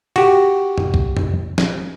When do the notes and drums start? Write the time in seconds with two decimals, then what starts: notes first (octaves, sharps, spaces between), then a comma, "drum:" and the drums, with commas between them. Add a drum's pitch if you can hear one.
0.16 F#4 G4, drum: cymbal
0.78 drum: tom F2
0.94 drum: kick B1
1.17 drum: tom F2
1.58 drum: snare